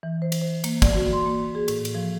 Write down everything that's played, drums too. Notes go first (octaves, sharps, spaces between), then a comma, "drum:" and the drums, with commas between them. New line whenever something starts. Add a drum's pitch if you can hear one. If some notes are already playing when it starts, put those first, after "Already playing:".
E3
C5
drum: cymbal
C5
A#3, drum: cymbal
D5, drum: kick, cymbal
F#4
C6
A#3
G#4
A2, drum: cymbal
drum: cymbal
F3